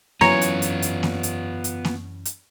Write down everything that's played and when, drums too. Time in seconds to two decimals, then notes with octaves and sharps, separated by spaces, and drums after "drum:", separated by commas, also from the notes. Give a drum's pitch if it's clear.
0.21 F#2 E3 B3 C#4 F4 C#5 A#5, drum: snare A#3
0.41 drum: hi-hat
0.62 drum: hi-hat
0.82 drum: hi-hat
1.03 drum: snare A#3
1.23 drum: hi-hat
1.64 drum: hi-hat
1.85 drum: snare A#3
2.25 drum: hi-hat